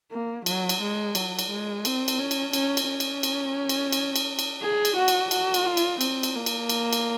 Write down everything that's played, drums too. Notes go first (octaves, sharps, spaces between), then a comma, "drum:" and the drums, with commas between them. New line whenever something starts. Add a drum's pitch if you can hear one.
A#3
F#3, drum: cymbal
drum: cymbal
G#3
F#3, drum: cymbal
drum: cymbal
G#3
C4, drum: cymbal
drum: cymbal
C#4
drum: cymbal
C#4, drum: cymbal
drum: cymbal
C#4
drum: cymbal
drum: cymbal
drum: cymbal
drum: cymbal
drum: cymbal
drum: cymbal
G#4
drum: cymbal
F#4
drum: cymbal
F#4, drum: cymbal
drum: cymbal
F4
drum: cymbal
C4, drum: cymbal
drum: cymbal
A#3
drum: cymbal
drum: cymbal
drum: cymbal